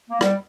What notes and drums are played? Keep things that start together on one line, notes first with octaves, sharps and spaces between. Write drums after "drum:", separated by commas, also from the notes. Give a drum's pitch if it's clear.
A#3
G3, drum: rim click